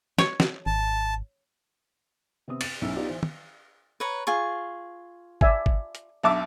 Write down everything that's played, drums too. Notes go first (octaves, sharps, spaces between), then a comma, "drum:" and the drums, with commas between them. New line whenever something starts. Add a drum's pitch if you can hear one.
C#5, drum: snare
drum: snare
G#1 A5
C3 B3 C4 D#6
A6, drum: cymbal
B1 C#4 E4 E6
B3 D#4 F4 G4 D5
E3 C5
drum: tom
B4 C#5 A#5
F4 G#4 C#6
D5 E5 G#5, drum: kick G#1
drum: kick G#1
drum: hi-hat
B1 E5 A5 D6